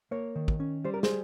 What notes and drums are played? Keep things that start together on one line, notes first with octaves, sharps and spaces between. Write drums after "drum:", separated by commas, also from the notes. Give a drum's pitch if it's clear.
A#3 A#4 C#5
D#3
drum: kick
C#4
G3 C5
A#4
G#4 C5, drum: snare